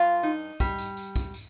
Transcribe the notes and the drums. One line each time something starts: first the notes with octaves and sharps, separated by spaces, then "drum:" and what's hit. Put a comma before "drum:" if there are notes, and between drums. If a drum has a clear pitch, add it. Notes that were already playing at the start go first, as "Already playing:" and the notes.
Already playing: G2 F4 F5
D#4
G3, drum: kick, tambourine
drum: tambourine
drum: tambourine
drum: kick, tambourine
drum: tambourine